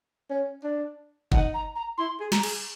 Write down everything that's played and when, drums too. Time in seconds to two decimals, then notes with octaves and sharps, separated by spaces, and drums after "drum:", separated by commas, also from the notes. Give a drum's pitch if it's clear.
0.30 C#4
0.64 D4
1.32 D#4 F#5, drum: kick F#1
1.54 A#5
1.75 A#5
1.98 E4 C6
2.20 G#4
2.32 A#5, drum: snare
2.43 G#4, drum: cymbal